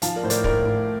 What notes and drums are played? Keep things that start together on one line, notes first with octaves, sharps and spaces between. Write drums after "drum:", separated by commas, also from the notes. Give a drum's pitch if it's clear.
F3 F5 A5, drum: hi-hat
A#4 D5
A2 C5
A#4 D5, drum: hi-hat
A2 A#4 D5, drum: kick
A2